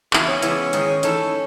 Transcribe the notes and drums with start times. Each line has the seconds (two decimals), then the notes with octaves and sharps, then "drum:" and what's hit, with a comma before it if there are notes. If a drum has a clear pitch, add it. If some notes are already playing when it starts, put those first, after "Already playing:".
0.13 C#3 E3 B3 D#4 E4 F#4, drum: clap
0.28 C#4
0.42 C#3 E3 G#3 B3 E4, drum: hi-hat
0.73 G#2 D#3 G#3, drum: hi-hat
1.03 E3 A3 C#4 D#4 A4, drum: hi-hat